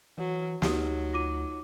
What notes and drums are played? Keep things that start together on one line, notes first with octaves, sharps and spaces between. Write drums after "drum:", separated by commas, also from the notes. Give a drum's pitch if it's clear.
E3 F#3
D2 F#3 D#4 G4 D#6 C#7, drum: snare
F4 D6 D#7